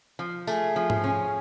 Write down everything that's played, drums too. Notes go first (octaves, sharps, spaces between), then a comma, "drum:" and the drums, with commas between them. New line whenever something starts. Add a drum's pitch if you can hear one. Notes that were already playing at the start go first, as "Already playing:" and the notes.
F3
A3 G#4, drum: tambourine
F3
drum: tom G#2
C#4